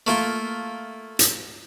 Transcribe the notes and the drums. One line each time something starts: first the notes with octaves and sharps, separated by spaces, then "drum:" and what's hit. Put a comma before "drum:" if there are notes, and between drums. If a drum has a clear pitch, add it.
A3 A#3 F4
drum: hi-hat